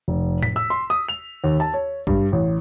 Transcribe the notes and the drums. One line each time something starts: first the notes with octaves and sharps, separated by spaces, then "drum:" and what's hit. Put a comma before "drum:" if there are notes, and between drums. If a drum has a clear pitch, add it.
F1
B6, drum: tom A2
E6
C6
D#6
F7
D#2
A5
C#5
G2, drum: kick G#1
A1